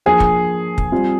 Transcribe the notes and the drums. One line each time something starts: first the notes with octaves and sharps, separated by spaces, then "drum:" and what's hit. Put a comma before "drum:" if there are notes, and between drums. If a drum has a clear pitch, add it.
F3 A#3 D4 G#4
drum: kick
drum: kick
G3 C4 F4